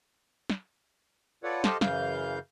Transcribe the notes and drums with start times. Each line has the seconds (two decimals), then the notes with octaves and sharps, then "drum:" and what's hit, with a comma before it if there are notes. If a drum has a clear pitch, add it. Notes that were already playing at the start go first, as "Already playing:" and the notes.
0.50 drum: snare
1.43 F4 A4 B4 C#5 D5 F#5
1.64 G4 A4 C5 D#5 F5 A5, drum: snare
1.81 F#2 C#3 E3 F5 G6, drum: snare